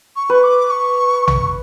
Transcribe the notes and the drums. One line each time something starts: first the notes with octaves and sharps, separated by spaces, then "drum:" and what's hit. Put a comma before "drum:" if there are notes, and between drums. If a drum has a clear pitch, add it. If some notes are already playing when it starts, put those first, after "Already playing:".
C#6
B4 C#6
D6
C#6
drum: tom A#1